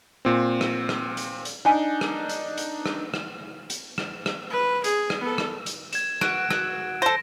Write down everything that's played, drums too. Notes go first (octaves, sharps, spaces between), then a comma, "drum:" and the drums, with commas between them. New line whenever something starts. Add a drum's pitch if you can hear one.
A#2 C4
drum: rim click
drum: rim click
drum: hi-hat
drum: hi-hat
D4 D#4 F#5 G#5
drum: rim click
drum: hi-hat
drum: hi-hat
drum: rim click
drum: rim click
drum: hi-hat
drum: rim click
drum: rim click
B4
G#4, drum: hi-hat
drum: rim click
B3 A4
drum: rim click
drum: hi-hat
G#6 E7, drum: hi-hat
F#4 D7, drum: rim click
F#4, drum: rim click
A4 C5 A#6